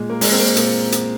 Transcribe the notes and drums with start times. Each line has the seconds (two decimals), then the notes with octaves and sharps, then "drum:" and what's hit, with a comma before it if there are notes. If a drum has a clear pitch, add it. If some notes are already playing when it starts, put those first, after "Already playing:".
Already playing: A#2 G#3
0.10 A#3
0.21 A#2 G#3, drum: open hi-hat
0.32 C4
0.39 A#3
0.56 A#2 A#3, drum: hi-hat
0.92 drum: hi-hat